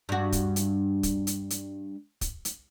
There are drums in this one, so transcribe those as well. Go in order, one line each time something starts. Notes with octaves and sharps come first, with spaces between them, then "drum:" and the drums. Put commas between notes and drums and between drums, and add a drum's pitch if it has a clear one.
G2 F#4
drum: kick, hi-hat
drum: hi-hat
drum: kick, hi-hat
drum: hi-hat
drum: hi-hat
drum: kick, hi-hat
drum: hi-hat